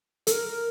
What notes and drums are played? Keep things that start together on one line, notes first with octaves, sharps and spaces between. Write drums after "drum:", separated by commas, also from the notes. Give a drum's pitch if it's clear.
A4, drum: hi-hat
A#4